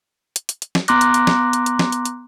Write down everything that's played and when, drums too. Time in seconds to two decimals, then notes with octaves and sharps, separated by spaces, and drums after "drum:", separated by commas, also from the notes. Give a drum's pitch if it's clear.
0.36 drum: hi-hat
0.49 drum: hi-hat
0.62 drum: hi-hat
0.75 drum: snare
0.88 B3 A#5 C6 D6 F#6 A#6, drum: hi-hat
1.01 drum: hi-hat
1.14 drum: hi-hat
1.27 drum: snare
1.53 drum: hi-hat
1.66 drum: hi-hat
1.79 drum: snare
1.92 drum: hi-hat
2.05 drum: hi-hat